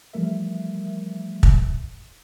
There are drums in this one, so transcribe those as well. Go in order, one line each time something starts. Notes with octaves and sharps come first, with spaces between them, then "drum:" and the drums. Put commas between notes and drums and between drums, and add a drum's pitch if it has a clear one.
E3 F3 G3 A3 A#4 E5
drum: kick